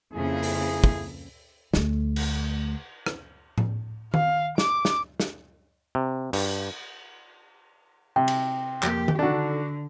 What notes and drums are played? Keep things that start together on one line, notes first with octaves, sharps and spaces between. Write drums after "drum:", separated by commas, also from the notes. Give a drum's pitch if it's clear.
F2 C#3 A#3 E4 G#4
drum: open hi-hat
drum: kick
D2 A3, drum: snare
drum: cymbal
drum: rim click
drum: tom A2
F5, drum: tom D#3
D6, drum: snare
drum: snare
drum: snare
C3
G2, drum: cymbal
C3 G5
drum: cymbal
F2 A#3 G4, drum: clap
drum: tom D#3
D3 D4 D#4 F#4 A4 A5